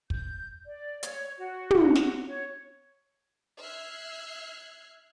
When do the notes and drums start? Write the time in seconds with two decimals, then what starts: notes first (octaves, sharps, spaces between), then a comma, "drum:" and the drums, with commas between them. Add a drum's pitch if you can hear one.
0.10 G6, drum: kick
0.66 D5
1.03 C#5, drum: hi-hat
1.39 F#4
1.71 drum: tom
1.95 drum: snare
2.27 C#5
3.59 E5 F6 F#6 G#6 C7